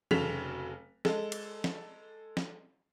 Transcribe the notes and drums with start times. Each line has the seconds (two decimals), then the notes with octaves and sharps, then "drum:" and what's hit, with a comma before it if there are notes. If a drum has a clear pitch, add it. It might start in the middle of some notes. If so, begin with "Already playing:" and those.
0.11 F1 C#3 F#3 A4 B6 F7, drum: tom E3
1.05 G#3 A4, drum: snare
1.32 drum: cymbal
1.64 drum: snare
2.37 drum: snare